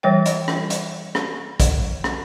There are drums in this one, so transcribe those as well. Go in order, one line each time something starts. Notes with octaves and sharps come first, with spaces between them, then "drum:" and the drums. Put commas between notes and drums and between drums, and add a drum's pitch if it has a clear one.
E3 G3 C#5 G5
drum: hi-hat
drum: rim click
drum: hi-hat
drum: rim click
drum: kick, hi-hat
drum: rim click